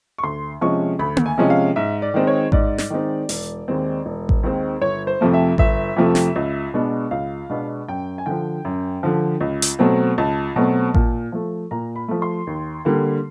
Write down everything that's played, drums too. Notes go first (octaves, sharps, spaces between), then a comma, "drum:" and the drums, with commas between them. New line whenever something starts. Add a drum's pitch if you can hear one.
C#6
D2 C6
C3 F3 G#3 C#4 C#6
D2 B5
drum: tom A#3
G#5
C3 F3 G#3 C#4
F5
G#2 E5
D5
D#3 G#3 C4 D#4
C#5
G#2 D5, drum: kick A1
drum: snare
D#3 G#3 C4 D#4
E1, drum: open hi-hat
D#2 D#3 G#3 C4
E1
drum: kick A1
D#2 D#3 G#3 C4
G1 C#5
C5
F2 C3 F3 A3
E5
G1 E5, drum: kick A1
F2 C3 F3 A3
drum: snare
C#2
B2 G#3 B3 D4
C#2 F5
B2 G#3 B3 D4
F#2 G5
G#5
D3 F3 G5
F#2
D3 F3
C#2
drum: hi-hat
B2 F#3 A3 C4
C#2 A5
B2 F#3 A3 C4
A#2, drum: kick A1
F3 A3
A#2 A#5
B5
F3 A3
C6
D#2
D3 G3 A#3